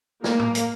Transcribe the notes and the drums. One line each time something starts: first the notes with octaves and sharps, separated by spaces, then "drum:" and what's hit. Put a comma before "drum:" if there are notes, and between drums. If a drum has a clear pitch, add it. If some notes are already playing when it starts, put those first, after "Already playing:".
A#3, drum: snare
drum: tom A2
drum: hi-hat